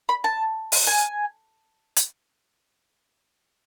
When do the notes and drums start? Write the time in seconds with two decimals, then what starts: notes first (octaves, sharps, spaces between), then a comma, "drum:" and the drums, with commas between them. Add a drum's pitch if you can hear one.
0.09 B5
0.24 A5
0.72 drum: open hi-hat
0.87 G#5
1.97 drum: hi-hat